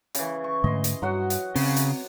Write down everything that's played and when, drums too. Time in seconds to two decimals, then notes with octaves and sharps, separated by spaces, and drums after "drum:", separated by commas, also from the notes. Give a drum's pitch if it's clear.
0.15 C#3 E3, drum: hi-hat
0.44 C#6
0.64 G#2 D3 A3 D#5 C6
0.84 drum: hi-hat
1.02 G2 F#3 F#4 F#5
1.30 drum: hi-hat
1.55 C#3 C4, drum: open hi-hat
1.76 drum: hi-hat